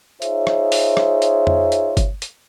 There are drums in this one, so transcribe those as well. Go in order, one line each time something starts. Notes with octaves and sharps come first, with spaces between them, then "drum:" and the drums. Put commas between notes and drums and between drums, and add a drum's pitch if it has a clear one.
D#4 F4 G#4 C5 C#5 E5, drum: hi-hat
drum: rim click
drum: open hi-hat
drum: rim click
drum: hi-hat
drum: tom F2
drum: hi-hat
drum: kick G1, hi-hat
drum: hi-hat